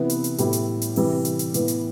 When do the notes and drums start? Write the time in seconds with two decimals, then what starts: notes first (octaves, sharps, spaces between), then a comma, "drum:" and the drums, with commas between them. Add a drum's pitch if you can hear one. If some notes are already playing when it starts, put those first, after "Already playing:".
Already playing: C3 E3 B3 E4
0.10 drum: hi-hat
0.24 drum: hi-hat
0.38 A2 G3 B3 E4, drum: hi-hat
0.53 drum: hi-hat
0.82 drum: hi-hat
0.96 C3 E3 G3, drum: open hi-hat
1.25 drum: hi-hat
1.39 drum: hi-hat
1.54 A2 E3 B3, drum: hi-hat
1.68 drum: hi-hat